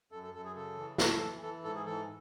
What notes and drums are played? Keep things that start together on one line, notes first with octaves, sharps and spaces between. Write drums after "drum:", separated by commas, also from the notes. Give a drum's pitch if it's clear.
F#2 A4
A4
F#2 A4
G#4
C#3 A4
E3
E3 A4, drum: snare
E3
E3 A4
G#2 A4
G#4
E3 A4